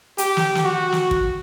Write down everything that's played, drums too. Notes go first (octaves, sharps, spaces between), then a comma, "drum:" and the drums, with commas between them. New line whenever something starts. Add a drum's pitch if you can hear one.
G4, drum: hi-hat
drum: snare
drum: snare
F#4
drum: snare
drum: kick